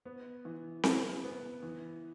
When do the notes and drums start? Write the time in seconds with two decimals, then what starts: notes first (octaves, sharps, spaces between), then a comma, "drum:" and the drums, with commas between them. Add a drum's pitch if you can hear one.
0.05 B3
0.45 E3
0.83 B3, drum: snare C4
1.24 B3
1.63 E3